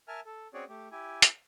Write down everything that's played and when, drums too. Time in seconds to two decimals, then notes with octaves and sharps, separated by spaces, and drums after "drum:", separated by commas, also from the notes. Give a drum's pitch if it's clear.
0.08 A#4 E5 G#5 A5 F6
0.25 A4
0.54 C4 C#4 F#4 G#4 C#5 D5
0.68 A3 G4
0.91 E4 G4 G#5
1.22 drum: hi-hat